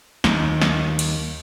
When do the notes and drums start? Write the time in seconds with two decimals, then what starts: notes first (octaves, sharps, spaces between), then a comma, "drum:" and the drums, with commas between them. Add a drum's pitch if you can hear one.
0.24 D#2 D#3, drum: snare
0.62 drum: snare
0.99 drum: cymbal